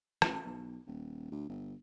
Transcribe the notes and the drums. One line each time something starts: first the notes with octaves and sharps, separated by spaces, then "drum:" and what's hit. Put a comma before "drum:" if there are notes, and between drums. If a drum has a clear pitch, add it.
A1, drum: rim click
B1
D#1
D2
G1